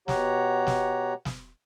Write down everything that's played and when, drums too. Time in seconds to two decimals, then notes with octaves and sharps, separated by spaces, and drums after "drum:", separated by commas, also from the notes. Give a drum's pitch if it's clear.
0.08 B2 G4 C#5 F#5 A#5, drum: snare
0.67 drum: snare
1.25 drum: snare